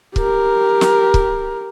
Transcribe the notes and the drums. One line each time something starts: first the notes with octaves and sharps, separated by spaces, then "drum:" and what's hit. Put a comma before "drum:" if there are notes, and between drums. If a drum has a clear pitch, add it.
G4 A#4, drum: kick
drum: snare
drum: kick